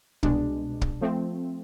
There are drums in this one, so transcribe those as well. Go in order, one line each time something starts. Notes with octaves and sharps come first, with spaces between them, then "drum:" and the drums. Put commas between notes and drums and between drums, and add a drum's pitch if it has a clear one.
C2 B2 G#3 D4, drum: kick
drum: kick
F3 A3 C4